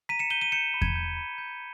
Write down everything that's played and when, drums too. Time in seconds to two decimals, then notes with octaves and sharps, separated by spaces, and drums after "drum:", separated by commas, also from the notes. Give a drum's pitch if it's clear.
0.09 A#5 B6 D#7
0.19 C#7 E7
0.30 G6 D#7 G7
0.42 D#7 G7
0.52 G6 C#7 E7
0.74 B5
0.82 G#6, drum: kick E2
0.96 G6
1.17 B5
1.38 G6